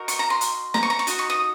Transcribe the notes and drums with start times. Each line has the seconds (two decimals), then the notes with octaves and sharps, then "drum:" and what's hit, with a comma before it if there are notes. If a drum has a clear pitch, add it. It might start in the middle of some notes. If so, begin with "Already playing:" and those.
Already playing: D#4 F#4 A#4
0.08 C#6, drum: hi-hat
0.19 A#5
0.30 C6
0.41 drum: hi-hat
0.74 A#5, drum: snare
0.83 C#6
0.90 A#5
0.99 C#6
1.07 D#4 F#4, drum: hi-hat
1.19 C#6
1.30 D#6